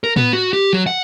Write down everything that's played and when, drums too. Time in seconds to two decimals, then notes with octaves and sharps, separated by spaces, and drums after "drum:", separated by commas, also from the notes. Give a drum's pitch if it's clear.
0.04 A#4
0.16 B3, drum: tom A2
0.33 F#4
0.53 G4
0.73 F#3
0.87 F#5